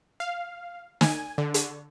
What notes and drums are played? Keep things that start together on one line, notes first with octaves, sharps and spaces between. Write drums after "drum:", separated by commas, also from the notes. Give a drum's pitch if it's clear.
F5
G#5, drum: snare
D3
drum: hi-hat